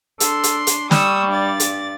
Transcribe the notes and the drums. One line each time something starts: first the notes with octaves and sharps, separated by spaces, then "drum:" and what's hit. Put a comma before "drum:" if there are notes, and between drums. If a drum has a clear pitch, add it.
D4 A4 C6, drum: hi-hat
drum: hi-hat
drum: hi-hat
G3 C#6 D#6 E6, drum: snare
G2 D5 A6
drum: hi-hat